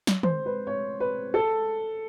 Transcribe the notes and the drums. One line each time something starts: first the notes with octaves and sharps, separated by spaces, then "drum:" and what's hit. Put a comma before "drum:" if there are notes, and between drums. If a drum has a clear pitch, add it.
drum: snare F#3
C5, drum: tom
B4
C#5
B4
A4